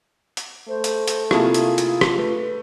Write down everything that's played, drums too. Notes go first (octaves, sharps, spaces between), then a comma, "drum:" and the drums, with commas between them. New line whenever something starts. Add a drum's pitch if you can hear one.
drum: hi-hat
A3 C5
drum: hi-hat
drum: hi-hat
C3 A#3 E4 F4 G4 G#4 A5, drum: rim click
drum: hi-hat
drum: hi-hat
drum: rim click
A3 B4